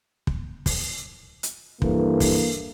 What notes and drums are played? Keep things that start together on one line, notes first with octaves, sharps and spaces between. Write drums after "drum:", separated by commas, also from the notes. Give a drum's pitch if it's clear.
drum: kick
drum: kick, open hi-hat
drum: hi-hat
G2 E3 A#3 A4, drum: kick
drum: kick, open hi-hat